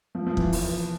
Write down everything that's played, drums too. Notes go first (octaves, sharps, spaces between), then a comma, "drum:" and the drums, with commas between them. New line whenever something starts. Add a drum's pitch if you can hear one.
F3
F3
E3, drum: kick
drum: open hi-hat